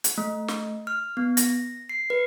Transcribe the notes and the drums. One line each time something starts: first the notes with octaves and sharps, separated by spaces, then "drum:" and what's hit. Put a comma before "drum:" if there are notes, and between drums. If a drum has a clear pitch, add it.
drum: hi-hat
A3
drum: snare
F6
B3
A#6, drum: hi-hat
C7
B4